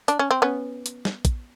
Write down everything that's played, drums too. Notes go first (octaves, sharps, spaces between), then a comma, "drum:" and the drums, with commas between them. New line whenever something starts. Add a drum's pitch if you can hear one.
D4, drum: hi-hat
C#4
C4
B3 C#4
drum: hi-hat
drum: snare
drum: kick, hi-hat